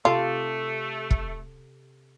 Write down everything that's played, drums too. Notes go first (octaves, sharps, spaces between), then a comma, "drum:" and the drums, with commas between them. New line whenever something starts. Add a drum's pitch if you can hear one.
C3 A3 F4 G4 A4
drum: kick